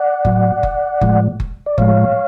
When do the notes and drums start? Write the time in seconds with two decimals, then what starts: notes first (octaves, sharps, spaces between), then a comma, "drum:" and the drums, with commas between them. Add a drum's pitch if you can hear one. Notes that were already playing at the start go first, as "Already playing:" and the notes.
Already playing: D5 F#5
0.25 A2 F#3, drum: kick F#1
0.63 drum: kick F#1
1.01 A2 F3 G#3, drum: kick F#1
1.40 drum: kick F#1
1.66 D5
1.78 A2 F3 G#3 C#5 F5, drum: kick F#1